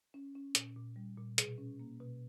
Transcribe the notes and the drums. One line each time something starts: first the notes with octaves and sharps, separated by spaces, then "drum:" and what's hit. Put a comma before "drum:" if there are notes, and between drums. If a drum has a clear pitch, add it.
C#4
C#4
A#2, drum: hi-hat
A#2
G3
A#2
B2 G#4, drum: hi-hat
C#4
A#3
B2